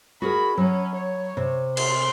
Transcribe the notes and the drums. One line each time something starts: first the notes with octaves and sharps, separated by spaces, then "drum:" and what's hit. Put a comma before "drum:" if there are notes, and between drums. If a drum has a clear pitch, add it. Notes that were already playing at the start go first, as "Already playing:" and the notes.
F#4 G#4 A#4 B5
F#3 C#4
C#5
C3
C6, drum: cymbal